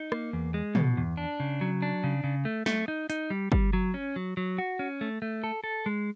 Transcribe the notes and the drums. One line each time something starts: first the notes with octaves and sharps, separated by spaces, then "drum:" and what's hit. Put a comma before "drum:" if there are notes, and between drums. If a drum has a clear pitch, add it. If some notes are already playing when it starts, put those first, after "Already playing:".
Already playing: D#4
A#3, drum: rim click
E2
G#3
B2, drum: tom
E2
D4
C#3
F#3
D4
C#3
C#3
A3
A3, drum: snare
D#4
D#4, drum: hi-hat
G3
G3, drum: kick G1
F#3
C#4
F#3
F#3
F#4
C#4
A3
A3
A4
A4
G#3